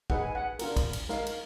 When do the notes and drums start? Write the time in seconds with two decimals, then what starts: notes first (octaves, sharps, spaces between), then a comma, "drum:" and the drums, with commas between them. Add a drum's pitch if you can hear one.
0.10 D#4 G#4 B4 F#5, drum: kick
0.23 G#5
0.35 F#5
0.59 D4 F4 A#4, drum: cymbal
0.76 drum: kick, cymbal
0.93 drum: cymbal
1.09 D#4 A#4 F5, drum: snare
1.26 drum: cymbal